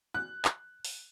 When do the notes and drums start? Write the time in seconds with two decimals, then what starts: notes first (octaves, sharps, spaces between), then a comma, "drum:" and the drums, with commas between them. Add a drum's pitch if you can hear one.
0.14 F#6
0.45 drum: clap
0.85 drum: open hi-hat